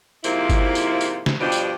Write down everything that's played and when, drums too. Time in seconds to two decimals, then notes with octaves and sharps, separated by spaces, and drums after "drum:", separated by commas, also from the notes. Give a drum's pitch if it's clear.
0.24 G#2 C3 F3 A#3 E4, drum: tambourine
0.50 drum: kick G1, tambourine
0.75 drum: tambourine
1.01 drum: tambourine
1.26 drum: snare
1.41 G2 B2 F3 G3 D4 G4
1.52 drum: tambourine